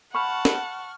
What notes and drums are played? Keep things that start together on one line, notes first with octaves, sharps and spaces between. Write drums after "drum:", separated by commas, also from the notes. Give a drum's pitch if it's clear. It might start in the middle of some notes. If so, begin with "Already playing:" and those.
C5 F5 F#5 A5 B5 C#6 F6
drum: snare